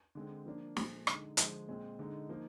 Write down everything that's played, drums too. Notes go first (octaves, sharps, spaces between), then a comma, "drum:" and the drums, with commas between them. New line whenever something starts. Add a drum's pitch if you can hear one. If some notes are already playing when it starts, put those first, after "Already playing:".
D3 G#3 C4
F3 A#3 D4
A#2 F3 G#3, drum: snare
D3 G#3 D#4, drum: rim click
D3 F3 G#3, drum: hi-hat
A#2 G#3 C4
D3 G#3 D#4
F3 A#3 D#4